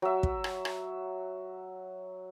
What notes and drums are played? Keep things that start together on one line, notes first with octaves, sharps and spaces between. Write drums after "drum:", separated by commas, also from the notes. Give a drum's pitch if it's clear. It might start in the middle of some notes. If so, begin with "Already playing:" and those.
F#3 E5
drum: kick
drum: rim click
drum: rim click